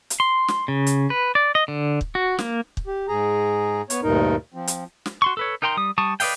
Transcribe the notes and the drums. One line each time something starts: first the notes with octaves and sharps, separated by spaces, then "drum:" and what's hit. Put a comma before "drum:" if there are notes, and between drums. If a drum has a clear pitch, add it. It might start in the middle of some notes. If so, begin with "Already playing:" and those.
drum: hi-hat
C6
drum: snare
C#3
drum: hi-hat
B4
D5
D#5
D3
drum: kick
F#4
A#3, drum: snare
drum: kick
G4
G#2 G#4 A#5
B3 C#5, drum: hi-hat
D2 G2 A#2 D#4 A#4
F3 C4
drum: hi-hat
drum: snare
F#4 C6 C#6
A4 B4 C#5
D#4 A#4 G5 A#5 C6
G3 D#6
G3 A5 C#6 D#6
B4 D5 D#5 F5 G5, drum: open hi-hat